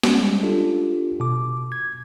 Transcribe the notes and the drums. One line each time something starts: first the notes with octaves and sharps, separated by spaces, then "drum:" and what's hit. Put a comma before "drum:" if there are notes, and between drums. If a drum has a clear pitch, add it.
G3 G#3 C#4, drum: snare
D4 F4 G4 A4
B2 D6
G#6